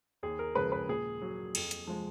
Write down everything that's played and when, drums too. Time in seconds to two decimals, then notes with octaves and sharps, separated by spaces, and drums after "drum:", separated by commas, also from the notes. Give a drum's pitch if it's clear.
0.23 D#2 G#4
0.39 A#4
0.55 C#3 F3 G#3 B4
0.72 B4
0.89 A#2 G#4
1.22 F#3
1.55 F2, drum: cymbal
1.71 drum: hi-hat
1.87 F3 G#3